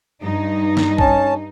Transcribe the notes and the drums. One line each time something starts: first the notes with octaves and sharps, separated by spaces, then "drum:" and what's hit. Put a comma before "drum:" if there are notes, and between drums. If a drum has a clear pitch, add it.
G2 D#4
drum: snare
C#4 A5, drum: kick A#1